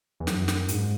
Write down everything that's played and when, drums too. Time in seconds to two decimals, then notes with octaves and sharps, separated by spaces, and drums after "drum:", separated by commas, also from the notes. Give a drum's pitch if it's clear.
0.20 E2
0.27 F#2, drum: snare
0.48 drum: snare
0.68 G#2, drum: hi-hat